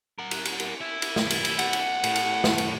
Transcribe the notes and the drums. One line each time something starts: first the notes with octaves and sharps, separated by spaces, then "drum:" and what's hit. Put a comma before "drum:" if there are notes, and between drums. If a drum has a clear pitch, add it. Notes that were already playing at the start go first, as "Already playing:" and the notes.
A#4 F#5
drum: cymbal
drum: cymbal
drum: cymbal
E4
drum: cymbal
drum: snare
drum: cymbal
drum: cymbal
F#5, drum: cymbal
drum: cymbal
A2, drum: cymbal
drum: cymbal
drum: snare
drum: cymbal